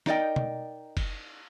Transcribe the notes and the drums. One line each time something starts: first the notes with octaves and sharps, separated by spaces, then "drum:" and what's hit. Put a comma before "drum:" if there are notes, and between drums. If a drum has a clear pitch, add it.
D#4 A#4 D5 D#5 G5, drum: snare
drum: tom B2
drum: kick F#1, cymbal